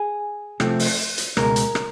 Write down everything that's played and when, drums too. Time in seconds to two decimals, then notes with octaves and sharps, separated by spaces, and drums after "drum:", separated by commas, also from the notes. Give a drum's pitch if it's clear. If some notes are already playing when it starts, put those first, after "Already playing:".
Already playing: G#4
0.60 C3 F3 A3 C4, drum: rim click
0.79 drum: open hi-hat
1.18 drum: hi-hat
1.37 C#2 B2 G#3 A#4, drum: rim click
1.56 drum: hi-hat
1.75 drum: rim click